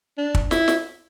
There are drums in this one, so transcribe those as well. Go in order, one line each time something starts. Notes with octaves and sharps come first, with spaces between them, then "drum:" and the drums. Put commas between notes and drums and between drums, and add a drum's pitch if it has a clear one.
D4
drum: kick
E4, drum: snare
drum: snare